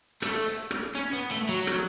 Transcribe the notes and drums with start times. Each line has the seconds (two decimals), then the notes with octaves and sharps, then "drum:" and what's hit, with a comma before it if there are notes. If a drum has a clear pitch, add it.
0.22 A3, drum: rim click
0.47 drum: hi-hat
0.71 drum: rim click
0.95 C#4
1.13 B3
1.31 A3
1.49 F#3
1.67 drum: rim click